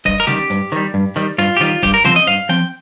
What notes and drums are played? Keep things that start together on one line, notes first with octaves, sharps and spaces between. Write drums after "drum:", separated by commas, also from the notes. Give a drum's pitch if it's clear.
G2 D#5, drum: kick F1, hi-hat
A#4
D#3 G3 G4, drum: snare
G2, drum: hi-hat
D#3 G3, drum: hi-hat
G2
D#3 G3, drum: hi-hat
G2 F4, drum: hi-hat
G4
D#3 G3 F4, drum: hi-hat
G2 G4, drum: kick F1, hi-hat
A#4
F3 C4 C5, drum: snare
D#5
G2 F5, drum: hi-hat
F3 C4 G5, drum: hi-hat